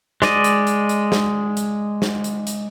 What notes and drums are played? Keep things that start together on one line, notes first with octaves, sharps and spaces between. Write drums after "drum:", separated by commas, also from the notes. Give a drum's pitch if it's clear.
G#3 D5 D#5, drum: snare
drum: hi-hat
drum: hi-hat
drum: hi-hat
drum: snare
drum: hi-hat
drum: snare
drum: hi-hat
drum: hi-hat